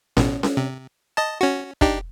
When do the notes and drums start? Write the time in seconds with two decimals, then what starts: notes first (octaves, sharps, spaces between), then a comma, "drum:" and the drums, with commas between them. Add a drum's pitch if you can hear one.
0.17 A1 B2, drum: snare C#4
0.43 drum: snare C#4
0.57 C3
1.17 D#5 A5
1.41 C#4 F#4
1.81 D4 D#4 G4, drum: kick